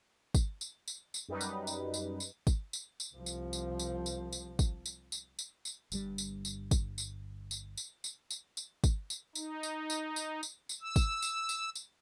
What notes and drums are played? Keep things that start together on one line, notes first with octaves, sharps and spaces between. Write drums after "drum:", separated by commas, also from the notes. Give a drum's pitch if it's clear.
drum: kick, tambourine
drum: tambourine
drum: tambourine
drum: tambourine
F#2 G3 D#4 B4
drum: tambourine
drum: tambourine
drum: tambourine
drum: tambourine
drum: kick, tambourine
drum: tambourine
drum: tambourine
C2 F3
drum: tambourine
drum: tambourine
drum: tambourine
drum: tambourine
drum: tambourine
drum: kick, tambourine
drum: tambourine
drum: tambourine
drum: tambourine
drum: tambourine
G1 G2 G3, drum: tambourine
drum: tambourine
drum: tambourine
drum: kick, tambourine
drum: tambourine
drum: tambourine
drum: tambourine
drum: tambourine
drum: tambourine
drum: tambourine
drum: kick, tambourine
drum: tambourine
D#4, drum: tambourine
drum: tambourine
drum: tambourine
drum: tambourine
drum: tambourine
drum: tambourine
E6
drum: kick, tambourine
drum: tambourine
drum: tambourine
drum: tambourine